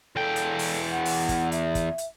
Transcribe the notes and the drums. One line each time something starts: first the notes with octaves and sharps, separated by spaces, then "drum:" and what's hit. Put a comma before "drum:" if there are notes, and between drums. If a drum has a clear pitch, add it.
E2 A4 G5
drum: hi-hat
drum: open hi-hat
F#5
drum: open hi-hat
drum: kick, hi-hat
E5, drum: hi-hat
drum: kick, hi-hat
drum: hi-hat